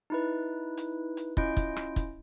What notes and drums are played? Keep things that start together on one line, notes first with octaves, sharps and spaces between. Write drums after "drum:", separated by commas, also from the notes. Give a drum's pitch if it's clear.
D#4 E4 B4
drum: hi-hat
drum: hi-hat
C#4 E4 F4 D#5 G6 D7, drum: kick
drum: kick, hi-hat
drum: rim click
drum: kick, hi-hat